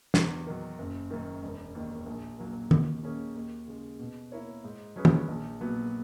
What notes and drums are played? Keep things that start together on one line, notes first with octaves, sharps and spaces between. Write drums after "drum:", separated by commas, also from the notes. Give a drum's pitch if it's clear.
E2, drum: snare
D#3 F#3
F#1
F#2 D#3
E1
D#2 D#3
A#1
A#2 F#3 A#3
D#2, drum: tom D#3
D#3 A#3 C#4 G#4
D#2
C#3 G#3
B2
A#3 E4 A#4 C#5
G#2
F#3 C#4 G#4 B4
drum: tom
A#1
A#2 F#3 B3 F#4